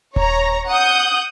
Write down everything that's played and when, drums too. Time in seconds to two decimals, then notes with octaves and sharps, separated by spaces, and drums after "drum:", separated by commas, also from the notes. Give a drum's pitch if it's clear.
0.16 C#5 A#5, drum: kick D#1
0.70 F#5 D#6 G6